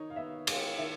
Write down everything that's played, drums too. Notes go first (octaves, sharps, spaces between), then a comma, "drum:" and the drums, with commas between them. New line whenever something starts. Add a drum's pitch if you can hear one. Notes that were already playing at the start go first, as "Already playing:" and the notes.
Already playing: D#3 D#4 C#5
F5
B3 E5
G#3 F5, drum: cymbal
D#3 E5